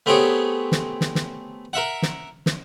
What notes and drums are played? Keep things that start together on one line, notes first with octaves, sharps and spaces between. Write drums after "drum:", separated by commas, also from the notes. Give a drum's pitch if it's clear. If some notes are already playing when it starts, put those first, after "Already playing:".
A3 B3 C4 G4 G#4 C#5
drum: snare
drum: snare
drum: snare
A#4 E5 F#5
drum: snare
drum: snare